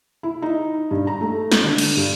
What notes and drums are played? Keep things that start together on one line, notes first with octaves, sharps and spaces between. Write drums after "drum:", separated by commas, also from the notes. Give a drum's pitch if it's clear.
E4
D#4
G2
A#5
A3
drum: snare
D3
drum: cymbal
G2